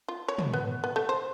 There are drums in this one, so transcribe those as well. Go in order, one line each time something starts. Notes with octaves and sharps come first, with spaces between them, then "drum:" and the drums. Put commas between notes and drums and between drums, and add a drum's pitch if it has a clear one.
F4
C#5
drum: tom
B3
B3
A3
C5